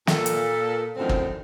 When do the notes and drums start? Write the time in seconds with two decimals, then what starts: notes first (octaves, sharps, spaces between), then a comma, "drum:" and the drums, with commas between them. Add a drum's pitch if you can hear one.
0.07 A#2 A4, drum: snare
0.26 drum: hi-hat
0.97 F#2 A2 D3 D#3 F3 C4
1.09 drum: kick